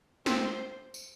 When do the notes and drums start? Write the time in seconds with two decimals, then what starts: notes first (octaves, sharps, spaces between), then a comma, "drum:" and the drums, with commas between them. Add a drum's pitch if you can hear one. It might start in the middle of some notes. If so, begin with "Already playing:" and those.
0.26 C4 C5, drum: snare
0.94 drum: tambourine